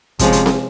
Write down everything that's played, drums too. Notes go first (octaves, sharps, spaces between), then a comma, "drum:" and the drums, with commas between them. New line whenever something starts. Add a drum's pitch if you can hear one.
C3 F3 G#3 C#4, drum: kick, hi-hat
drum: hi-hat
drum: snare C4